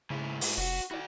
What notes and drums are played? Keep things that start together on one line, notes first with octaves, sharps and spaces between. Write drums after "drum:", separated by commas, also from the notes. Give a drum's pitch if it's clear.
G#2 C#3 E4
drum: open hi-hat
F1 F#4
E4 F#4 D5